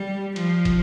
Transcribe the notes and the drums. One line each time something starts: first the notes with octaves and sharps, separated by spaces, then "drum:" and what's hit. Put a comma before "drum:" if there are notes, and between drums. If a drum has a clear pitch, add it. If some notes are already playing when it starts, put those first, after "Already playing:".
Already playing: G3
F3, drum: cymbal
drum: kick, cymbal